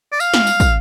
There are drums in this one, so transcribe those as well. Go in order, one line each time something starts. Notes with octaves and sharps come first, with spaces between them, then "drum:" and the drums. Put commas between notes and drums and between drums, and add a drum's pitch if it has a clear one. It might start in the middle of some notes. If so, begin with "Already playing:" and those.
D5
F5, drum: tambourine
drum: snare
drum: tambourine
drum: kick, tambourine